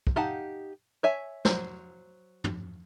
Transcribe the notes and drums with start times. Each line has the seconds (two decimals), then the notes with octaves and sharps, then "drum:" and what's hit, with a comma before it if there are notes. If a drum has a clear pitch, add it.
0.07 drum: kick
0.16 D#4 G4 F5 F#5 A5
1.03 C#5 E5 G#5
1.45 F#3 C5, drum: snare
2.44 drum: tom